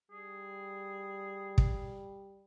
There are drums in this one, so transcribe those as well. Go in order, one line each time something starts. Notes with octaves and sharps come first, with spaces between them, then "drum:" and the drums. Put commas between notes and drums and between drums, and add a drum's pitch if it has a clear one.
G3 G#4
drum: kick